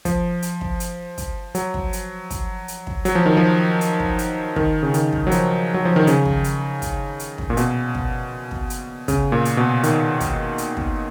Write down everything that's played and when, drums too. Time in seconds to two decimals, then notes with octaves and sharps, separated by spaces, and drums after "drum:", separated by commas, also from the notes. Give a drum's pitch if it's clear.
0.05 F3, drum: kick, hi-hat
0.42 drum: hi-hat
0.61 drum: kick
0.80 drum: hi-hat
1.18 drum: kick, hi-hat
1.55 F#3, drum: hi-hat
1.74 drum: kick
1.93 drum: hi-hat
2.30 drum: kick, hi-hat
2.68 drum: hi-hat
2.87 drum: kick
3.05 F#3, drum: hi-hat
3.15 F3
3.26 D#3
3.37 F3
3.81 drum: hi-hat
4.00 drum: kick
4.19 drum: hi-hat
4.56 D#3, drum: kick
4.83 C#3
4.94 D#3, drum: hi-hat
5.13 drum: kick
5.27 F#3
5.31 F3, drum: hi-hat
5.74 F#3
5.85 F3
5.96 D#3
6.07 C#3, drum: hi-hat
6.25 drum: kick
6.44 drum: hi-hat
6.82 drum: kick, hi-hat
7.19 drum: hi-hat
7.38 drum: kick
7.50 A#2
7.57 B2, drum: hi-hat
7.95 drum: kick
8.51 drum: kick
8.70 drum: hi-hat
9.08 C#3, drum: kick, hi-hat
9.32 A#2
9.45 drum: hi-hat
9.57 B2
9.83 D#3, drum: hi-hat
10.20 drum: kick, hi-hat
10.58 drum: hi-hat
10.77 drum: kick